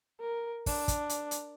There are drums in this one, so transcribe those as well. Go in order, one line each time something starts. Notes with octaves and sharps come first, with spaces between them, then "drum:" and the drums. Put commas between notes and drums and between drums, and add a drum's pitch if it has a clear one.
A#4
D4, drum: kick, open hi-hat
drum: kick, hi-hat
drum: hi-hat
drum: hi-hat